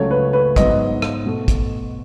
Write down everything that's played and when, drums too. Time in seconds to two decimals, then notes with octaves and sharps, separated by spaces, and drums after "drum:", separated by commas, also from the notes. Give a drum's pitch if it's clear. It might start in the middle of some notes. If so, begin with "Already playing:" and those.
Already playing: C#2 C#3 F#3 A3 C#5
0.11 B4
0.33 B4
0.56 G#2 F#3 B3 D#5, drum: kick, hi-hat
1.02 drum: rim click
1.25 B2 A3
1.48 drum: kick, hi-hat